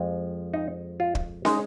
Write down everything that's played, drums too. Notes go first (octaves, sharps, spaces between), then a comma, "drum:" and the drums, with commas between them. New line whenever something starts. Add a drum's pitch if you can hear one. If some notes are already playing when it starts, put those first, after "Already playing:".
Already playing: F2 F3 G#3
D#4
F4
drum: kick
G#3 D#4, drum: snare